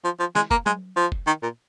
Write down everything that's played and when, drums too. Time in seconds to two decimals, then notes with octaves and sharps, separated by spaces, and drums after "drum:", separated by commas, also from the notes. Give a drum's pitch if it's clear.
0.04 F3
0.20 F3
0.35 G#3, drum: snare
0.51 A#3, drum: kick
0.66 G#3, drum: tom F#3
0.96 F3
1.12 drum: kick
1.27 D#3
1.43 A#2